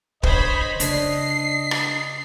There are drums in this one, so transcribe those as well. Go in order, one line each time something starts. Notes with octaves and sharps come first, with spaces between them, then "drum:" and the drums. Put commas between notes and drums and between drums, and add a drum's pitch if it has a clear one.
F#2 D3 C5 C#5 D#5 B5, drum: kick
C#3 D4 C5 D5 C7, drum: hi-hat
drum: rim click